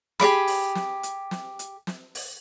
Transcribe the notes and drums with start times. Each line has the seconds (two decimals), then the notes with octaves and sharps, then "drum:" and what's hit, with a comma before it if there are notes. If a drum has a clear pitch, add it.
0.20 G4 G#4 D5 B5, drum: snare
0.47 drum: open hi-hat
0.75 drum: snare
1.03 drum: hi-hat
1.31 drum: snare
1.59 drum: hi-hat
1.87 drum: snare
2.15 drum: open hi-hat